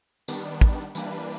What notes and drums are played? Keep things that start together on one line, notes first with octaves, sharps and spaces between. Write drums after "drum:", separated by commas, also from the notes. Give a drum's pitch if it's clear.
D#3 G3 B3 D4, drum: tambourine
drum: kick
E3 G3 A#3 D4 B4, drum: tambourine